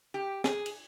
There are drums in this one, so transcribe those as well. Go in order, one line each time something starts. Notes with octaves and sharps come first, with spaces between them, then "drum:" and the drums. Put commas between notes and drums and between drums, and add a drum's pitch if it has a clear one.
G4
G#4, drum: snare
drum: cymbal